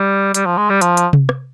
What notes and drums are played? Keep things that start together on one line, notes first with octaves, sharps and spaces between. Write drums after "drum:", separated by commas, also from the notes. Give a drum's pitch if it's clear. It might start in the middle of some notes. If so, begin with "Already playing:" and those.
Already playing: G3
G3, drum: hi-hat
F3
G#3
G3
F3, drum: hi-hat
drum: hi-hat
drum: tom C3
drum: rim click